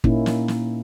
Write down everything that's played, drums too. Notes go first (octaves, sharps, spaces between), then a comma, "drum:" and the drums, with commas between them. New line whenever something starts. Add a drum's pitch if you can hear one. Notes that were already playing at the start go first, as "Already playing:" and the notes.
A#2 A#3 C#4 D#4 E4, drum: kick
drum: snare
drum: snare